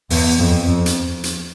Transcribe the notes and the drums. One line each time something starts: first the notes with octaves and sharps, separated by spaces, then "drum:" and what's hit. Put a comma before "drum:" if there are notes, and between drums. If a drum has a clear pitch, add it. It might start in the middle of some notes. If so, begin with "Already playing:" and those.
E2, drum: open hi-hat
F2
F2
drum: hi-hat
drum: hi-hat